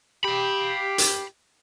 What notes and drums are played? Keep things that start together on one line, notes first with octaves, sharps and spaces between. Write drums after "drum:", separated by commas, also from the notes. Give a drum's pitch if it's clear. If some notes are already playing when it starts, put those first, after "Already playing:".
G4 F5 B5
drum: hi-hat